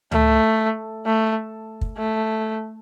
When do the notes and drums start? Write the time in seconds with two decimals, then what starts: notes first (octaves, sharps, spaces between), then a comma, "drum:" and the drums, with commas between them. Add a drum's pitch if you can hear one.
0.12 A3, drum: tom C#2
1.06 A3
1.81 drum: kick
1.98 A3